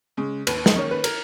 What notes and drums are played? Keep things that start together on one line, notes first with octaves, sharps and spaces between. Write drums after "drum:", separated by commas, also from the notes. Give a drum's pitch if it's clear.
C#3 G#3
D#2 B4, drum: cymbal
D#5, drum: snare
D#3 A#3 C#4 C#5
B4
A#4, drum: cymbal